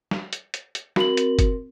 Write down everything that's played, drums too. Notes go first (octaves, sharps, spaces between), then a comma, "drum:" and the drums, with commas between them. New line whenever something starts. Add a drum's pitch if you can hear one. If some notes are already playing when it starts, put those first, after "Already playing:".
drum: snare
drum: hi-hat
drum: hi-hat
drum: hi-hat
C4 F#4 A#4 F#7, drum: snare
drum: hi-hat
drum: kick, hi-hat